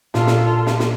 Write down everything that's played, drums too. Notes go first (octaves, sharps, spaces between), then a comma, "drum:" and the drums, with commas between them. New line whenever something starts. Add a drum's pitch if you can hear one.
A#2 F4 A4, drum: snare
drum: snare
drum: snare
drum: snare